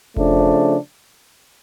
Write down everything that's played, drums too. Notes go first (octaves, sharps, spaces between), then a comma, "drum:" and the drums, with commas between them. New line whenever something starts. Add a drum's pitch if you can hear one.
C#3 F3 A3 D4, drum: kick F1